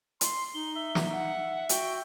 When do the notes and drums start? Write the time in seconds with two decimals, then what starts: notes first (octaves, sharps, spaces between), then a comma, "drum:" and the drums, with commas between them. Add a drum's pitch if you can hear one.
0.21 C6, drum: hi-hat
0.54 D#4 G7
0.76 E5
0.95 drum: snare
1.12 F#5
1.69 F#4 G5, drum: hi-hat